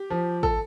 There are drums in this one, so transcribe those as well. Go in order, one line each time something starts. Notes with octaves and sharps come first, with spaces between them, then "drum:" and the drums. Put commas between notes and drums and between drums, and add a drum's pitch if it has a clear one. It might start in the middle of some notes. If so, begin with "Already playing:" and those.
Already playing: G4
F3
A4, drum: kick